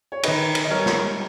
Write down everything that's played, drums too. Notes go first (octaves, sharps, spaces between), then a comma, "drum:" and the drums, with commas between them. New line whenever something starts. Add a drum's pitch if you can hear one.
C#5
D#3 B4 D#5, drum: cymbal
drum: cymbal
D#5
G3 A#4 C#5
drum: snare